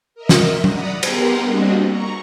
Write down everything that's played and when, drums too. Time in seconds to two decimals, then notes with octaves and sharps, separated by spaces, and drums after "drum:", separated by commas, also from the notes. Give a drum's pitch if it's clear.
0.14 A#4 D#5 E5
0.29 drum: snare
0.64 D5 F#5 A#5 B5 D#6, drum: tom
1.03 B3 G4 A#4 A#5 C6, drum: cymbal
1.44 G3 A#3 C4 D4 F#4 D#5
1.85 A#5 C#6